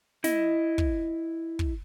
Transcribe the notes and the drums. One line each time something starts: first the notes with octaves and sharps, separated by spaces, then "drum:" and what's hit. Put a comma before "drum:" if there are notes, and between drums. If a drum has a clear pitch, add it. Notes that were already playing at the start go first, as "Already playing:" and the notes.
E4 D#5, drum: snare
drum: kick
drum: kick